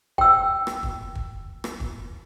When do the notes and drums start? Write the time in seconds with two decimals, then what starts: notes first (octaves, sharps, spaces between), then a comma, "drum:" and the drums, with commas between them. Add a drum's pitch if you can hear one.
0.18 G5 E6, drum: kick
0.67 drum: rim click
0.83 drum: kick
1.15 drum: kick
1.64 drum: rim click
1.80 drum: kick